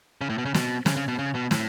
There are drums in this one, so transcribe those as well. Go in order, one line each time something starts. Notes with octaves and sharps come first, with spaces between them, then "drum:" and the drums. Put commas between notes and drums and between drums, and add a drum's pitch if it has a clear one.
C#3
A2
B2
C#3
B2, drum: snare
C#3, drum: snare
C#3
B2
C#3
B2
A2, drum: snare